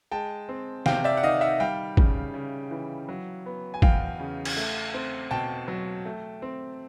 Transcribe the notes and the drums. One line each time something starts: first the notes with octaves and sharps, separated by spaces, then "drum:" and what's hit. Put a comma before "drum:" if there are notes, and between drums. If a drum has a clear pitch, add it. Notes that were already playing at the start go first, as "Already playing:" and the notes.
G#3 G5 A5
C4
C3 F5 G5, drum: snare
D5 E5
F#5
D#3 D#5 F5
E5 F#5
G3 F5 G5
C#3, drum: kick
C#3
E3
F#3
B3
G#5
E2 F5 G5, drum: kick
C#3
drum: cymbal
A3
C4
B2 G5 A5
F#3
A3
C4